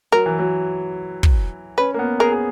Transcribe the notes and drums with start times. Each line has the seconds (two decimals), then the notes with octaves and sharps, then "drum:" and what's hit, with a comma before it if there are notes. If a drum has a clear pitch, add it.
0.12 F#3 A#4
0.26 E3
0.39 F#3
1.23 drum: kick
1.78 C#4 B4
1.94 A#3
1.99 B3
2.20 G#4 A#4
2.32 G#4